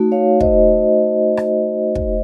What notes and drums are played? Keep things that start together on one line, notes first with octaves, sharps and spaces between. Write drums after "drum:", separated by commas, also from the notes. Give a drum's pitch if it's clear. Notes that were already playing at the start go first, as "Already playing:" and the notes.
Already playing: A3 D#4 F#4
C#5 F5
C5 D#5, drum: kick
drum: rim click
drum: kick